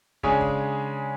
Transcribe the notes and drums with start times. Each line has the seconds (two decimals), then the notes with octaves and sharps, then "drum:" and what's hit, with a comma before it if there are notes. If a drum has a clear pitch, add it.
0.23 C#3 G#3 D4 G#4 C#5, drum: kick
0.41 drum: kick